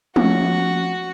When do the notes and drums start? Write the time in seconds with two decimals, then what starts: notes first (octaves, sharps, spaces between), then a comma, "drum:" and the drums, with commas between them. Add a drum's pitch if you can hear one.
0.16 F3 C#4 F#4, drum: tom G#3